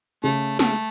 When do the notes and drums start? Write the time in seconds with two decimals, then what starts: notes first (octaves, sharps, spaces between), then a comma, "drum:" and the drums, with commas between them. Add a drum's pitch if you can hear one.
0.24 C#3 A3
0.59 A3, drum: snare